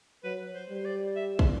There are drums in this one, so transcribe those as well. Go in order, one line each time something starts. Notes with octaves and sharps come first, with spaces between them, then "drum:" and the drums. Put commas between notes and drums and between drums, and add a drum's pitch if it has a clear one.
F#3 B4
C5
G3 C5
D5
E5
drum: kick